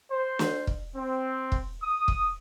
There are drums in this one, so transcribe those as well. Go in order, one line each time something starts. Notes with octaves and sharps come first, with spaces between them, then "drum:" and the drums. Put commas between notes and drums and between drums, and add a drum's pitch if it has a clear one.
C5
drum: snare
drum: kick
C4
drum: kick
D#6
drum: kick